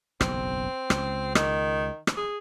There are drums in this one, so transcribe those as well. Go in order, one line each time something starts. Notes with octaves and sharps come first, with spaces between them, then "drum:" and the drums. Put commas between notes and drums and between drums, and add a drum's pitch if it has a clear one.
F#1 B1 E2 C4, drum: rim click
C#2, drum: rim click
D#3, drum: rim click
drum: rim click
G#4